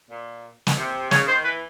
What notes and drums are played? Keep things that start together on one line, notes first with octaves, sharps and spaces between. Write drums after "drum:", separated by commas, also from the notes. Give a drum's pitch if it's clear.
A#2
drum: snare
C3
C#3 C#5, drum: snare
D#3 C5
E3 B4